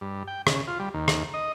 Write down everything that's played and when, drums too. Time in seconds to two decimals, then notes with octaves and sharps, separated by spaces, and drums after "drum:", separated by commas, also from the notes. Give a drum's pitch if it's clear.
0.01 G2
0.28 G5
0.47 C#3, drum: rim click
0.67 F4
0.80 G3
0.94 D#2
1.08 drum: rim click
1.34 D#5